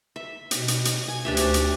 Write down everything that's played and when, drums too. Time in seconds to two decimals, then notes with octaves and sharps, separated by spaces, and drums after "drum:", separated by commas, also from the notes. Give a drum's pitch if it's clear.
0.16 E5
0.51 B2, drum: hi-hat
0.68 drum: hi-hat
0.85 drum: hi-hat
1.08 G#5
1.25 D2 D4 G4 E5
1.37 drum: hi-hat
1.54 drum: hi-hat